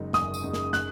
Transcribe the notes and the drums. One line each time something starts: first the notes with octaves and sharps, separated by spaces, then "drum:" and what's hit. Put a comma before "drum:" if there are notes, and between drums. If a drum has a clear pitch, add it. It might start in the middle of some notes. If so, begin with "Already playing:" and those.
Already playing: F#1 F#2 C#3 G#3 D#4
F#1 D#6, drum: snare
drum: tambourine
F#2 C#3 G#3 D#4
drum: snare
F#6, drum: snare